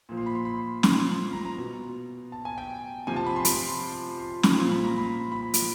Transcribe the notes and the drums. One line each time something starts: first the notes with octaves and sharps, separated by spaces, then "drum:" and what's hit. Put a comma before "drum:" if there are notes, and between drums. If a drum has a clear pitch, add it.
A#2 F3
C6
B5
C6
B5
C6, drum: snare
A#5
A#5
B2
A5
G#5
G5
C3 F3 G#5
A5
B5
C6
B5, drum: hi-hat
C6
C6, drum: snare
A#2 F3 C6
B5
A#5
B5
B5
drum: hi-hat